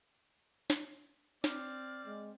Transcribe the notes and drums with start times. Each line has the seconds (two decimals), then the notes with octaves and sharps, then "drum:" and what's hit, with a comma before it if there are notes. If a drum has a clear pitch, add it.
0.70 drum: snare
1.44 C4 D5 F6, drum: snare
2.06 G#3